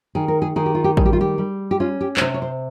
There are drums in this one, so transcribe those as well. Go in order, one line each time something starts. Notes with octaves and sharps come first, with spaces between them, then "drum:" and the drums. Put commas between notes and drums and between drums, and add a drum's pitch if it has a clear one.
D#3 G#4
A#4
G#4
D#3 G#4
G4
F4
G4
G3 G#4, drum: kick A1
G4
F4
G4
G3
G4
C#4 F4
G4
C#5, drum: clap
C3 C5
C#5
C5